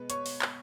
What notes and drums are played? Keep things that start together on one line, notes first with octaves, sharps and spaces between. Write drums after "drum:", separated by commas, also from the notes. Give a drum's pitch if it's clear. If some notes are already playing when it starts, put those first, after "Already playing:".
Already playing: B2 G#3 B3 B4
C#5 C#6, drum: hi-hat
drum: open hi-hat
drum: clap